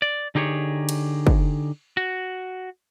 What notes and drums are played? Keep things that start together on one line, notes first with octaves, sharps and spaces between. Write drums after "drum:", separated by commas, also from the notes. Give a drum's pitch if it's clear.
D5
D3 D#4 G4 G#4 C#5
drum: cymbal
drum: kick
F#4